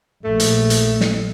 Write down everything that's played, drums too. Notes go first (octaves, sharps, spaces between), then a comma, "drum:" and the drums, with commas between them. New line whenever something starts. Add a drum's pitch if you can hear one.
A#1 A3
drum: hi-hat
drum: hi-hat
drum: snare